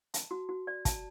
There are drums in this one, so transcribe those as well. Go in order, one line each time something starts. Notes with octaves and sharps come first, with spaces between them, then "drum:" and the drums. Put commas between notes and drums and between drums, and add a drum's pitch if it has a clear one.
A5, drum: hi-hat
F#4
F#4
D5
A5, drum: kick, hi-hat